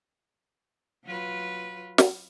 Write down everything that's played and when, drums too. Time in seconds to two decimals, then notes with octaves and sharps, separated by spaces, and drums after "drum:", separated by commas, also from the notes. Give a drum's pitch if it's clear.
1.05 F#3 F4 B4
1.98 drum: snare